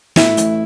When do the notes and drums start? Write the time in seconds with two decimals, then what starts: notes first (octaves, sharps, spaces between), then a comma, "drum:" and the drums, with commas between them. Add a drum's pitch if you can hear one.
0.16 A2 E4 E5, drum: snare
0.37 A1, drum: hi-hat